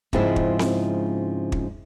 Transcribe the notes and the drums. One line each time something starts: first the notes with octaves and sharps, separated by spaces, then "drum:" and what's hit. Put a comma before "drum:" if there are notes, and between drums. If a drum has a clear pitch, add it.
G#2 C#3 F3 G#3 C4 E4, drum: kick
drum: kick
drum: snare C4
drum: kick